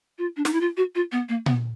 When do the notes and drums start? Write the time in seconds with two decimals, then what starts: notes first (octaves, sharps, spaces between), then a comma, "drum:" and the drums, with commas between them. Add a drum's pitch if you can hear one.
0.18 F4
0.37 D4
0.45 D#4, drum: snare
0.53 E4
0.61 F4
0.77 F#4
0.95 F4
1.12 B3
1.29 A#3
1.46 B3, drum: tom A#2